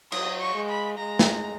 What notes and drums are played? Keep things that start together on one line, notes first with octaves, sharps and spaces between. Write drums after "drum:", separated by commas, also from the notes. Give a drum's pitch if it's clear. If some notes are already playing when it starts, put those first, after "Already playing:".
F#3 D#6, drum: cymbal
C#6
G#3
B5
G#3 A#5
drum: snare